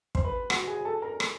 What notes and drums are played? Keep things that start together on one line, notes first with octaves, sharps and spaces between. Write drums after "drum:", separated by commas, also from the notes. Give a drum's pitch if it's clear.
C5 C6, drum: kick
B4 B5
F#4 F#5, drum: rim click
G#4 G#5
A4 A5
A#4 A#5
drum: rim click